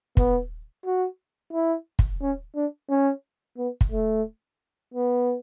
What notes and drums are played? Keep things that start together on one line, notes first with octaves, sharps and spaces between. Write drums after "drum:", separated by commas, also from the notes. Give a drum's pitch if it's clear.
B3, drum: kick
F#4
E4
drum: kick
C#4
D4
C#4
B3
drum: kick
A3
B3